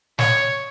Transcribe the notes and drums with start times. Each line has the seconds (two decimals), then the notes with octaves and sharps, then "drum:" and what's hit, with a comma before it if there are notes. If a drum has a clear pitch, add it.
0.19 C#5, drum: snare